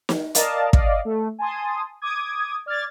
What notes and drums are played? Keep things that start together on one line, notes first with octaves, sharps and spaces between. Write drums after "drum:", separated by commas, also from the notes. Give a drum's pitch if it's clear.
drum: snare
A#4 D5 D#5 F5 A5, drum: hi-hat
D5 D#5 F5, drum: kick
A3
G#5 A5 C6 D#6
D6 D#6 G#6
D5 F6 G#6 A6